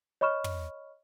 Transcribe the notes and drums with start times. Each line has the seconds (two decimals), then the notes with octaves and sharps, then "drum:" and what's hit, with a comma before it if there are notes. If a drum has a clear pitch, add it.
0.21 C#5 D#5 B5 C#6 F6 E7
0.44 drum: tom